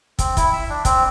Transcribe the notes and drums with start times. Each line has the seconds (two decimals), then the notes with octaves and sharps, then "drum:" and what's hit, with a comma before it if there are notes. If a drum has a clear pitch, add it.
0.19 C4, drum: kick, hi-hat
0.37 E4, drum: kick, hi-hat
0.53 E5
0.69 D4
0.85 C4, drum: kick, hi-hat